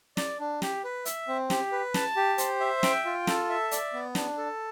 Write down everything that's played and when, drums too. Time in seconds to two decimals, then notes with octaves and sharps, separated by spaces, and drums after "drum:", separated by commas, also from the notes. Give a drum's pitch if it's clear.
0.17 D5, drum: snare
0.40 D4
0.62 G4, drum: snare
0.84 B4
1.05 E5, drum: hi-hat
1.28 C4
1.50 G4, drum: snare
1.72 B4
1.94 A5, drum: snare
2.16 G4
2.38 C5, drum: hi-hat
2.60 E5
2.83 G5, drum: snare
3.05 F4
3.27 A4, drum: snare
3.49 E5
3.71 D5, drum: hi-hat
3.93 B3
4.15 D4, drum: snare
4.37 A4